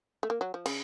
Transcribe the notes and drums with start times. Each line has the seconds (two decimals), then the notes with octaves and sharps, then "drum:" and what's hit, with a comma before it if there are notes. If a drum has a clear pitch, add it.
0.23 A3
0.30 A#3
0.41 F#3
0.54 F3
0.66 C#3, drum: cymbal